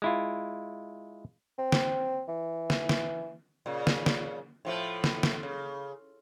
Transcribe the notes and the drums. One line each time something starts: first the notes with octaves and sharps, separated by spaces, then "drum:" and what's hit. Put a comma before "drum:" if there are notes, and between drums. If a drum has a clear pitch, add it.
G#3 E4 F4
C4
drum: snare
E3
drum: snare
drum: snare
A#2 C#3
drum: snare
drum: snare
A2 F3 A3
drum: snare
drum: snare
C#3